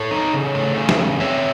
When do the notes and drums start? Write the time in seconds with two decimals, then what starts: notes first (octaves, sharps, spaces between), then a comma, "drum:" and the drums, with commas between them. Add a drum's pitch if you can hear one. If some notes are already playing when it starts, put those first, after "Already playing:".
Already playing: A4 C#5
0.11 D#4
0.33 C#3
0.55 A3
0.77 C#3
0.89 drum: snare
0.99 E2
1.20 C4 C#5 E5